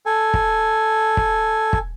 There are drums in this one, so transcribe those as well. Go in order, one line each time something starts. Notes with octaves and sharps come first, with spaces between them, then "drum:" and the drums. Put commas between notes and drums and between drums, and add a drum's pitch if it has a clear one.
A4 G#5
drum: kick
drum: kick
drum: kick